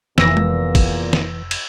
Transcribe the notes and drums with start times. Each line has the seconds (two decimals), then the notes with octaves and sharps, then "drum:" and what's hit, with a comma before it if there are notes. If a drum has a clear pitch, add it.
0.18 F1 E2 A#2 E3 B3 E6 A#6, drum: snare
0.37 drum: tom G#3
0.75 drum: kick, cymbal
1.13 drum: snare
1.51 drum: cymbal